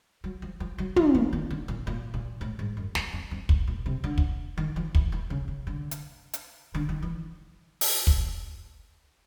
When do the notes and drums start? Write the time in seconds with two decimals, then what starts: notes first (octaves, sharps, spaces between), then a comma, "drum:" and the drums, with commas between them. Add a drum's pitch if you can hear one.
0.24 F#3
0.42 F3
0.60 F3
0.78 F#3
0.96 F3, drum: tom
1.15 E3
1.33 D#3
1.51 D3
1.68 A#2
1.87 A#2
2.14 A#2
2.41 A2
2.59 G#2
2.77 F#2
2.95 E2, drum: snare
3.13 F2
3.31 F2
3.49 F2, drum: kick
3.67 A#2
3.86 C3
4.04 D3
4.18 drum: kick
4.58 D#3
4.76 F3
4.95 E3, drum: kick
5.12 E3
5.30 C#3
5.48 C#3
5.67 D3
5.91 drum: hi-hat
6.33 drum: hi-hat
6.75 D3
6.89 D#3
7.02 E3
7.81 drum: open hi-hat
8.07 drum: kick